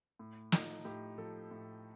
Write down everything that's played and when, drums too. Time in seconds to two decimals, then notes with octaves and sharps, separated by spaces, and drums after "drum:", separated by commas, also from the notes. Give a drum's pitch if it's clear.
0.19 A2
0.52 F3 D#4, drum: snare
0.85 A2 G4
1.18 F3 A4
1.51 A2